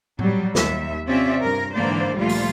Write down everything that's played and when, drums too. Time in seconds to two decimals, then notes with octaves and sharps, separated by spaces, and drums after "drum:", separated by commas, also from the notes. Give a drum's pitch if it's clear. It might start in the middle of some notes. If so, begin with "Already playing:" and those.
0.19 F#3 G3, drum: tom A2
0.55 D#2 E5, drum: snare
1.07 C3 C4 C#4 F4 D5 E5
1.43 G2 A#4
1.75 G#2 D3 E3 A#3 C5 D5
2.16 D2 A#2 F3 G3 A3 F4
2.29 drum: open hi-hat